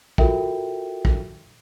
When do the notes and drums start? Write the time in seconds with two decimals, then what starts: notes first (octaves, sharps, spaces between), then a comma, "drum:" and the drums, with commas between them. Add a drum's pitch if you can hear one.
0.18 F4 F#4 A4 A#4 E5 G5, drum: kick
1.05 drum: kick